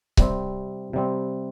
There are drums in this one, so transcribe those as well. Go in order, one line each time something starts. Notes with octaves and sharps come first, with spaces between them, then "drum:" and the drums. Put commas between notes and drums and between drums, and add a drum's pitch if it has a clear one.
C3 G3 C4, drum: kick C#1
C3 G3 C4